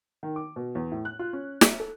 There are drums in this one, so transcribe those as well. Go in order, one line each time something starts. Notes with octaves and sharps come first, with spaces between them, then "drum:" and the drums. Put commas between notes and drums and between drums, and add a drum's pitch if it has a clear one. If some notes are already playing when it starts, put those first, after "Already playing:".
D#3
D6
B2
E2
A2
F#6
F4
C#4
E5, drum: snare
A4